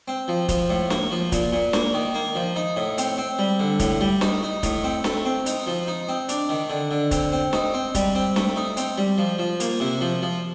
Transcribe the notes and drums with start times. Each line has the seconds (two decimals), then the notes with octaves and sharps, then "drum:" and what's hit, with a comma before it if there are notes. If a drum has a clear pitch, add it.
0.08 C4
0.28 F3
0.49 F3, drum: kick, hi-hat
0.69 A2
0.90 A#3, drum: snare
1.11 F3
1.32 A#2, drum: kick, hi-hat
1.53 A#2
1.73 A#3, drum: snare
1.94 D#3
2.15 A#3
2.35 F3
2.56 D#4
2.76 A2
2.98 C4, drum: hi-hat
3.18 C4
3.39 G3
3.59 D3
3.80 A2, drum: kick, hi-hat
4.01 G3
4.21 D#4, drum: snare
4.43 D#4
4.63 A2, drum: kick, hi-hat
4.84 C4
5.04 A3, drum: snare
5.25 C4
5.46 D#4, drum: hi-hat
5.66 F3
5.87 D#4
6.08 C4
6.29 D4, drum: hi-hat
6.49 D#3
6.70 D3
6.91 D3
7.11 C4, drum: kick, hi-hat
7.32 C4
7.53 D#4, drum: snare
7.74 C4
7.95 G3, drum: kick, hi-hat
8.15 C4
8.36 A3, drum: snare
8.56 D#4
8.77 C4, drum: hi-hat
8.98 G3
9.18 F3
9.39 F3
9.60 A#3, drum: hi-hat
9.80 C3
10.01 F3
10.22 F3